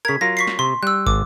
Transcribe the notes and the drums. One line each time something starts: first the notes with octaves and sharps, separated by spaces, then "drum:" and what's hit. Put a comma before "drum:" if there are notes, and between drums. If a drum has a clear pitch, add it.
C#3 A#4 G#6 B6
F#3 F4 A#4 A#6
C#6 B6 C7
drum: snare
C3 C6
G3 E6 F#6
G#1 D6, drum: kick